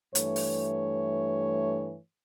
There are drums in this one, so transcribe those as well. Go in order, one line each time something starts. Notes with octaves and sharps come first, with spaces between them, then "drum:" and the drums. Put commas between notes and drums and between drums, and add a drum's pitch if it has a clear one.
G2 E3 A3 C#5, drum: hi-hat
drum: open hi-hat